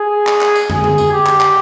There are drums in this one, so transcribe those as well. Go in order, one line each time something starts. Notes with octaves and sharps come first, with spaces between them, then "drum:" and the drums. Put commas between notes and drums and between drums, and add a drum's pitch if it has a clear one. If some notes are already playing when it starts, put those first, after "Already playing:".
Already playing: G#4
drum: clap
drum: clap
drum: tambourine
G#4, drum: tom
drum: tom
drum: tambourine
G4
drum: clap
drum: clap